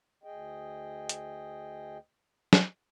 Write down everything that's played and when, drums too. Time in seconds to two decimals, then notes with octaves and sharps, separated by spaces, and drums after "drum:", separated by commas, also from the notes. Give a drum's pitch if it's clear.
0.24 D2 G#4 D#5 G5
1.09 drum: hi-hat
2.53 drum: snare